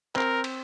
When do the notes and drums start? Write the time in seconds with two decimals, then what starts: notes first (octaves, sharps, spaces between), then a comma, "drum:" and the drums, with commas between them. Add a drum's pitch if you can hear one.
0.16 C4 A#4, drum: clap
0.44 drum: cymbal